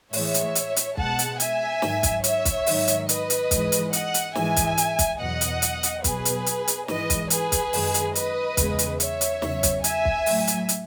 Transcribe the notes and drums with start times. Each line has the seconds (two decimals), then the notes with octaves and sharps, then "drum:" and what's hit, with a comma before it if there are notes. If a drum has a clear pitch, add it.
0.13 A2 E3 G#3 C#5 E5, drum: open hi-hat
0.34 drum: hi-hat
0.55 drum: hi-hat
0.76 drum: hi-hat
0.97 B2 G#3 F#5 A5, drum: kick
1.19 drum: hi-hat
1.40 E5 G#5, drum: hi-hat
1.82 G#2 D#3 F#3, drum: snare
2.03 drum: kick, hi-hat
2.24 C#5 E5, drum: hi-hat
2.45 drum: kick, hi-hat
2.67 G#2 D#3 F#3, drum: open hi-hat
2.88 drum: hi-hat
3.09 B4 D#5, drum: hi-hat
3.30 drum: hi-hat
3.51 G#2 E3 G#3, drum: kick, hi-hat
3.72 drum: hi-hat
3.93 D#5 F#5, drum: hi-hat
4.14 drum: hi-hat
4.35 G#2 E3 G#3 E5 G#5, drum: snare
4.56 drum: kick, hi-hat
4.78 drum: hi-hat
4.99 drum: kick, hi-hat
5.19 E2 B2 F#3 D#5 F#5
5.41 drum: hi-hat
5.62 drum: hi-hat
5.83 drum: hi-hat
6.04 B2 F#3 G#4 B4, drum: kick, hi-hat
6.25 drum: hi-hat
6.46 drum: hi-hat
6.68 drum: hi-hat
6.88 G#2 E3 G#3 B4 D#5, drum: snare
7.10 drum: kick, hi-hat
7.30 G#4 B4, drum: hi-hat
7.52 drum: kick, hi-hat
7.73 F#2 D#3 G#3, drum: open hi-hat
7.94 drum: hi-hat
8.15 B4 D#5, drum: hi-hat
8.57 E2 C#3 G#3, drum: kick, hi-hat
8.79 drum: hi-hat
9.00 C#5 E5, drum: hi-hat
9.21 drum: hi-hat
9.42 E2 C#3 F#3, drum: snare
9.63 drum: kick, hi-hat
9.84 E5 G#5, drum: hi-hat
10.05 drum: kick
10.26 A2 F#3, drum: open hi-hat
10.47 drum: hi-hat
10.69 drum: hi-hat